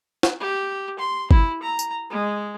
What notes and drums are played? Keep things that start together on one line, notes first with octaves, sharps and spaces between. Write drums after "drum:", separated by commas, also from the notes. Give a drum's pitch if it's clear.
drum: snare
G4
C6
E4, drum: kick
A#5
drum: tambourine
G#3